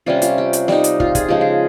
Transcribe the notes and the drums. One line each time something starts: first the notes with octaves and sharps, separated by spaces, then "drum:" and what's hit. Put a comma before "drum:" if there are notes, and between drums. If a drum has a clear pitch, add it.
C3 G3 C#4 F4
F4, drum: hi-hat
G4
drum: hi-hat
G3 C4 D#4, drum: snare
drum: hi-hat
F4, drum: kick
G#4, drum: kick, hi-hat
C#3 F3 G#3 G4
G#4